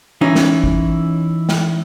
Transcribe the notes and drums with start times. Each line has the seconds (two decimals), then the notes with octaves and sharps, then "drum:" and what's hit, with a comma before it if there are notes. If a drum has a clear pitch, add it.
0.21 E3 C#4 D#4 E4
0.35 drum: snare
0.64 drum: kick
1.49 drum: snare